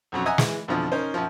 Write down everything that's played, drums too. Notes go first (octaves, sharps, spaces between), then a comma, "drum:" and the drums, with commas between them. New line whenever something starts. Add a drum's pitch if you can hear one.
B1 F2 F#3 C#4
D#5 E5 F#5 G#5 A#5 D#6
E3 G#3, drum: snare
F2 B2 D3 E3 F3
C#4 D#4 A#4 C5
F#2 F3